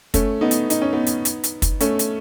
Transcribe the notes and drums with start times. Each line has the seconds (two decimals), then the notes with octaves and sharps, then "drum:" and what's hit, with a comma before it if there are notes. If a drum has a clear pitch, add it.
0.14 A3 C#4, drum: kick, hi-hat
0.41 B3 D#4
0.51 drum: hi-hat
0.70 D#4, drum: hi-hat
0.82 C#4
0.93 B3 D#4
1.07 drum: hi-hat
1.25 drum: hi-hat
1.44 drum: hi-hat
1.62 drum: kick, hi-hat
1.80 A3 C#4, drum: hi-hat
1.99 drum: hi-hat